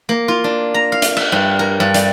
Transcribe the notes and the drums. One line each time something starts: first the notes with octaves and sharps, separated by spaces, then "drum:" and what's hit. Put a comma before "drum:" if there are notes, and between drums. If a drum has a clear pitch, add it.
A#3
F4
D4
A#5
F5
drum: hi-hat
E5, drum: cymbal
G2
A#4
G2
G3, drum: hi-hat